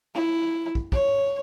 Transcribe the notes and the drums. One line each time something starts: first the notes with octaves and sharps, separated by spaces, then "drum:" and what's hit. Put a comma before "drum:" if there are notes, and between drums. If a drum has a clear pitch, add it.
E4
drum: kick
C#5, drum: kick